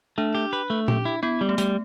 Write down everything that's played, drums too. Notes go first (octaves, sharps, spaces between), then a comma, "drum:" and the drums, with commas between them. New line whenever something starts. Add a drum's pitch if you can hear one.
A3 D4
G4
B4
A3
G4, drum: tom A#2
E4
B3 E4
G3
A3
G3, drum: hi-hat